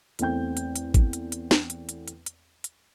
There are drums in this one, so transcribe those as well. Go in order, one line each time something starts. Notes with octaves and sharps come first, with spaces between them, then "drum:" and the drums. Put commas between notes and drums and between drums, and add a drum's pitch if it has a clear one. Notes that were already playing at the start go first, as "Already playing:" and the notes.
E2 A3 C4 G5 G6, drum: hi-hat
drum: hi-hat
drum: hi-hat
drum: kick, hi-hat
drum: hi-hat
drum: hi-hat
drum: snare
drum: hi-hat
drum: hi-hat
drum: hi-hat
drum: hi-hat
drum: hi-hat